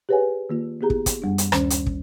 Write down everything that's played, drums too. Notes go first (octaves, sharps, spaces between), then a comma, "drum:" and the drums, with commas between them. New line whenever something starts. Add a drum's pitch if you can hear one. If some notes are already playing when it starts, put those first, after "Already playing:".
G4 G#4 B4 C#5 F#5 G#5
D#3 A#3 F4
B3 E4 G4 G#4 A#5
drum: kick
drum: kick, hi-hat
F#2 G3 D4
drum: hi-hat
D2 D#3 C#4 C5 A#5, drum: rim click
drum: hi-hat
drum: kick